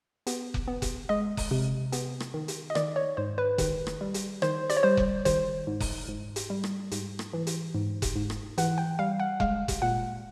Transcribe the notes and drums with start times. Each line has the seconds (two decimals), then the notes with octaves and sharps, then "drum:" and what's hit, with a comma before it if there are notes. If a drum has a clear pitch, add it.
0.27 B3, drum: hi-hat
0.54 drum: kick F1
0.68 B3
0.82 drum: kick F1, hi-hat
1.09 G#3 D#5
1.37 drum: kick F1, open hi-hat
1.51 C3
1.92 B3, drum: hi-hat
2.20 drum: rim click
2.34 D#3
2.48 drum: hi-hat
2.70 D#5
2.75 D#3 D5, drum: rim click
2.96 C#5
3.17 G#2 C5
3.38 B4
3.58 D#3, drum: kick F1, hi-hat
3.87 drum: rim click
4.01 G3
4.14 drum: hi-hat
4.42 D#3 C5, drum: rim click
4.70 D5, drum: hi-hat
4.77 C#5
4.83 G3 C5
4.97 drum: kick F1
5.25 D#3 C5, drum: kick F1, hi-hat
5.67 G#2
5.80 drum: kick F1, open hi-hat
6.08 G#2
6.36 drum: hi-hat
6.50 G3
6.64 drum: rim click
6.91 G#2, drum: hi-hat
7.19 drum: rim click
7.33 E3
7.47 drum: hi-hat
7.75 G#2
8.02 drum: kick F1, hi-hat
8.16 G#2
8.30 drum: rim click
8.58 E3 F#5, drum: hi-hat
8.78 G5
8.99 G3 F5
9.20 F#5
9.40 G#3 F5, drum: kick F1
9.68 drum: kick F1, hi-hat
9.82 A#2 F#5